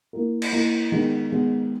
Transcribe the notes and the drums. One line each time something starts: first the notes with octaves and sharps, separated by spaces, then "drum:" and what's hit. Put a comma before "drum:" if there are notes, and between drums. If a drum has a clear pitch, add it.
A#3 E4 A#4
drum: cymbal
A#3 E4 A#4
D#3 G#3 B3
D#3 G#3 B3